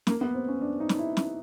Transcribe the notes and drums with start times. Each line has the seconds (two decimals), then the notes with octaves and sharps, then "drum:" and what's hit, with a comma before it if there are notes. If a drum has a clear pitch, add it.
0.07 A#3, drum: snare
0.21 B3
0.34 C4
0.48 C#4
0.61 D4
0.80 D#4
0.89 drum: snare
0.99 E4
1.17 drum: snare